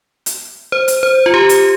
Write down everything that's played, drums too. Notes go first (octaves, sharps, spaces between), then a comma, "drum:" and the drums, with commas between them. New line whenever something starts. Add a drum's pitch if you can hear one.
drum: hi-hat
C5
drum: hi-hat
C5
F4
G4
drum: hi-hat